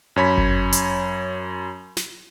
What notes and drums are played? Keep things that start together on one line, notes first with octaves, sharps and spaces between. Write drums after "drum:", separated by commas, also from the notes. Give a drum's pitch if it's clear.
F#2 C#5 B5 B6
drum: kick G1
drum: hi-hat
drum: snare